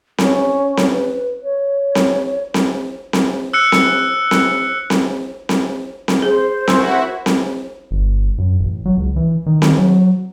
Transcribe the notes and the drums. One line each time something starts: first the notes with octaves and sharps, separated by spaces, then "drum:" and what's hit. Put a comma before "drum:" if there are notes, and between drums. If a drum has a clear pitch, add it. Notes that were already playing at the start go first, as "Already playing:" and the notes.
C#4, drum: snare C4
drum: snare C4
B4
C#5
drum: snare C4
drum: snare C4
drum: snare C4
E6 F#6 C#7
drum: snare C4
drum: snare C4
drum: snare C4
drum: snare C4
drum: snare C4
G#4 C5
E4 F#4 A#4 G#5 E6, drum: snare C4
drum: snare C4
G1
F#2
A1
F#3
C#2
E3
D#3
drum: snare C4
F#3